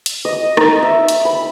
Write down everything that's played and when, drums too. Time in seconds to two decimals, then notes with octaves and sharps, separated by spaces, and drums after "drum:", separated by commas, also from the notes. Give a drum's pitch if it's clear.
0.06 drum: hi-hat
0.25 D#5
0.57 D#4, drum: rim click
0.83 E5
1.08 drum: hi-hat
1.25 B5